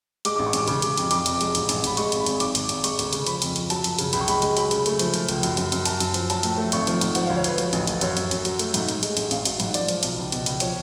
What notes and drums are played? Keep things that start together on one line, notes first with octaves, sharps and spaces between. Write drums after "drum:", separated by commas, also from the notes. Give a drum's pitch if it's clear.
G#3 D6, drum: hi-hat
A1 D6
C#6
A1 D6, drum: hi-hat
C#3 D6, drum: hi-hat
C#3, drum: hi-hat
F2, drum: hi-hat
F2 D6, drum: hi-hat
F1, drum: hi-hat
G#3, drum: hi-hat
A1, drum: hi-hat
A1, drum: hi-hat
A1 B5, drum: hi-hat
G#3 C#6, drum: hi-hat
G#1, drum: hi-hat
B5
G#1, drum: hi-hat
G#1 D6, drum: hi-hat
G#1, drum: hi-hat
G#1, drum: hi-hat
G#3 C#6, drum: hi-hat
D2, drum: hi-hat
C#3, drum: hi-hat
F3 B5, drum: hi-hat
F2, drum: hi-hat
F3, drum: hi-hat
F#3 A5, drum: hi-hat
F#2, drum: hi-hat
C#3, drum: hi-hat
C#2 B5, drum: hi-hat
C#6
G#3 B5, drum: hi-hat
G#3, drum: hi-hat
F#3 B5, drum: hi-hat
C#3, drum: hi-hat
A3, drum: hi-hat
F3, drum: hi-hat
F3, drum: hi-hat
C#2, drum: hi-hat
F#2, drum: hi-hat
F#2, drum: hi-hat
F#2, drum: hi-hat
F#2 A5, drum: hi-hat
F#2, drum: hi-hat
F3, drum: hi-hat
F#3 A5, drum: hi-hat
A2, drum: hi-hat
A3
G#1 C#6, drum: hi-hat
F3, drum: hi-hat
G#2, drum: hi-hat
F3 F#5, drum: hi-hat
D2 F5
C#5
F3 B4, drum: hi-hat
F#3, drum: hi-hat
A1, drum: hi-hat
A3, drum: hi-hat
F#2 C#5, drum: hi-hat
F#2, drum: hi-hat
F#2, drum: hi-hat
F#3, drum: hi-hat
A3, drum: hi-hat
G#2, drum: hi-hat
G#2, drum: hi-hat
G#3, drum: hi-hat
A1, drum: hi-hat
A1 F5, drum: hi-hat
F#3, drum: hi-hat
G#2, drum: hi-hat
F3 D5, drum: hi-hat
F3, drum: hi-hat
B1, drum: hi-hat
C#2
B2, drum: hi-hat
C#2, drum: hi-hat
F3 C#5, drum: hi-hat